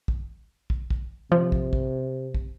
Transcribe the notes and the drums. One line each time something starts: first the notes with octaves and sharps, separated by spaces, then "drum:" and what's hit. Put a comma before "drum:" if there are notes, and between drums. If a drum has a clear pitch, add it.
drum: kick
drum: kick
drum: kick
C3 F3
drum: kick
drum: kick
drum: kick